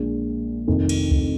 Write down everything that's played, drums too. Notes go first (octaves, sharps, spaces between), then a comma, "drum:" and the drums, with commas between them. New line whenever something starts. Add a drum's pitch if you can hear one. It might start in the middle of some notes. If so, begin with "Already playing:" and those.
Already playing: A#1 A#2 G#3
F1 F2 D#3
drum: cymbal
drum: kick C#2